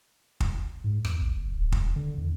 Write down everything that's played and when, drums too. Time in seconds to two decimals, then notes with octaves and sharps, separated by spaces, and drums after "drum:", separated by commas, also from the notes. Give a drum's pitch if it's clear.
0.40 drum: kick
0.84 G#2
1.05 E2, drum: rim click
1.21 A#1
1.36 F#1
1.54 D1
1.72 D#1, drum: kick
1.96 D3
2.18 E2